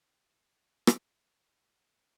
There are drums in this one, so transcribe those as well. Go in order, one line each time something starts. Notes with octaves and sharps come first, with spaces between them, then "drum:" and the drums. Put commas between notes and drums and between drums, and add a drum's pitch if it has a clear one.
C2 F2
drum: rim click